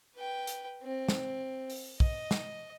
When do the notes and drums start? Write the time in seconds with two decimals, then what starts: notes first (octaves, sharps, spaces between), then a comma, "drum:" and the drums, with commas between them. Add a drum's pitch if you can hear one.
0.16 B4 G5
0.47 drum: hi-hat
0.83 C4
1.09 drum: snare
1.70 drum: open hi-hat
2.00 D#5, drum: kick
2.31 drum: snare